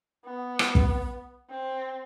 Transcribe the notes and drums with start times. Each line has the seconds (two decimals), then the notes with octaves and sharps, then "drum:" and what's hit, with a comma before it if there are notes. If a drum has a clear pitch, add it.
0.25 B3
0.59 drum: rim click
0.75 drum: kick
1.50 C4